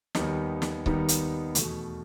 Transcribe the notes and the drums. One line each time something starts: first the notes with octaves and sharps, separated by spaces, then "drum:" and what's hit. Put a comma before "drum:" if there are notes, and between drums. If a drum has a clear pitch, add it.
D#2 D#3 G3 B3 D#4, drum: snare
drum: snare
D#2 D#3 G3 B3 D#4, drum: kick C#1
drum: hi-hat
E2 B2 A3, drum: hi-hat